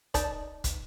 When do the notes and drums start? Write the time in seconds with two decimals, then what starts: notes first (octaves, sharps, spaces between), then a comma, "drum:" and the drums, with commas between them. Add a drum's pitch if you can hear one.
0.14 D#4 D5 A5, drum: kick, hi-hat
0.64 drum: kick, hi-hat